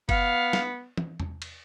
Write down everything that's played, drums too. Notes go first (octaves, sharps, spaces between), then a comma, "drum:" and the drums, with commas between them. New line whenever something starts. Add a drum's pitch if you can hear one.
B3 F5, drum: kick F#1, cymbal
drum: snare
drum: tom
drum: tom E2
drum: cymbal